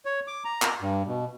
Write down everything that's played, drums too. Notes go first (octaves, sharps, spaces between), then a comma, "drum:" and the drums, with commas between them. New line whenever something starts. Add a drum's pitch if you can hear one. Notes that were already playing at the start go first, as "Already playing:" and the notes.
C#5
D6
A#5
drum: clap
G2
B2